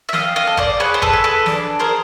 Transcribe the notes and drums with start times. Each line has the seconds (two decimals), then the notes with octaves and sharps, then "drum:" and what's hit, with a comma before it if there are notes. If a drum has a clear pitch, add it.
0.09 E5
0.13 C4 D#5 F5, drum: snare
0.36 D#5 F5
0.47 A4
0.57 C5 D5, drum: kick G#1
0.80 G#4 B4 C#5
0.94 C5
1.02 A4 B4, drum: kick G#1
1.13 G#4
1.24 A4 B4
1.46 D4, drum: snare
1.79 G#4 A#4 C5